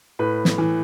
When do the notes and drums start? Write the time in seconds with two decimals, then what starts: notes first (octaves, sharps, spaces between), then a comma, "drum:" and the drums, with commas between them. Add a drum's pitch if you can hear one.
0.19 A2 B4
0.45 drum: snare
0.58 E3